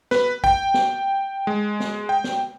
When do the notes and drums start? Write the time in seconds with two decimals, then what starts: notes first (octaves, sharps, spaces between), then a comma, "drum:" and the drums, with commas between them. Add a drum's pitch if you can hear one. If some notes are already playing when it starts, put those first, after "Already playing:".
0.11 B4, drum: snare
0.44 G5, drum: kick
0.74 drum: snare
1.47 G#3
1.80 drum: snare
2.09 G5
2.24 drum: snare